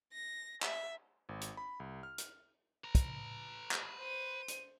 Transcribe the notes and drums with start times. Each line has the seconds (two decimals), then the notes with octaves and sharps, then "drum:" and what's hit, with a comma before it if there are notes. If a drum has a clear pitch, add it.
0.13 A#6
0.62 E5, drum: clap
1.29 G#1
1.41 drum: hi-hat
1.57 B5
1.80 C2
2.03 F6
2.18 drum: hi-hat
2.84 B4 A#5
2.95 drum: kick, hi-hat
3.71 drum: clap
3.98 C5 D#7
4.48 drum: hi-hat